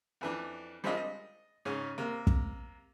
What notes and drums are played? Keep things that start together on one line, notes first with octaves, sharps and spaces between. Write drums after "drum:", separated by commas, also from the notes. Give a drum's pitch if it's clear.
F2 E3 D4
G3 G#3 C4 D4 F4 D#5
D#5
G#2 C#3 C#4
C3 A#3
drum: kick